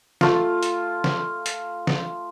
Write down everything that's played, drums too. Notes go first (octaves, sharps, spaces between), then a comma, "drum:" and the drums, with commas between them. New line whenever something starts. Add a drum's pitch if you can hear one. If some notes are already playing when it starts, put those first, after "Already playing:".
A3 F4, drum: snare
drum: hi-hat
drum: snare
drum: hi-hat
drum: snare